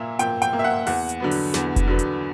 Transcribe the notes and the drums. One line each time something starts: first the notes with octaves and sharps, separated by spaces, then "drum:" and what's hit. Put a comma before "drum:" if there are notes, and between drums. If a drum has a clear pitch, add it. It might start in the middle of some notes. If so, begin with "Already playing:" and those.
Already playing: A#2 A#3 E5
A#2 G5, drum: hi-hat
G5, drum: hi-hat
A#3
E5
F#5
E2 F#5, drum: open hi-hat
drum: hi-hat
D3 F#3 B3
drum: open hi-hat
E2, drum: snare
drum: kick F1, hi-hat
D3 F#3 B3
drum: hi-hat